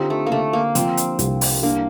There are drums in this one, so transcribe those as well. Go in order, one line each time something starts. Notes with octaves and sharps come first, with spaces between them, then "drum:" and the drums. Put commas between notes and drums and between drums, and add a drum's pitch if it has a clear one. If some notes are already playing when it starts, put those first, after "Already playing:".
Already playing: D3 C4 D#4 F4 G4
A3
A#3
D3 A3
A#3
F3 C4, drum: hi-hat
drum: hi-hat
C2, drum: hi-hat
drum: open hi-hat
A#3 D4